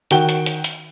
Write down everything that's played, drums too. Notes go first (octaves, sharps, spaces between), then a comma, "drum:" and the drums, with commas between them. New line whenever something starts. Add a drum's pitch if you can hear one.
D#3 F#4 G5 G7, drum: hi-hat
drum: hi-hat
drum: hi-hat
drum: hi-hat